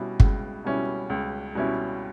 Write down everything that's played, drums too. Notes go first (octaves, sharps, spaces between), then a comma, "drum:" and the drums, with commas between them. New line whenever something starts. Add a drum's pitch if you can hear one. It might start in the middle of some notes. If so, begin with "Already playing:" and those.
Already playing: B2 G3 C#4 E4
C#2, drum: kick
B2 G3 C#4 E4
C#2
B2 G3 C#4 E4